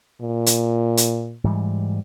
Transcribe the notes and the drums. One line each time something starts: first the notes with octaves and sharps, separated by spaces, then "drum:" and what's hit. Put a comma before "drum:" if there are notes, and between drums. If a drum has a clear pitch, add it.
A#2
drum: hi-hat
drum: hi-hat
G#2 E3 G3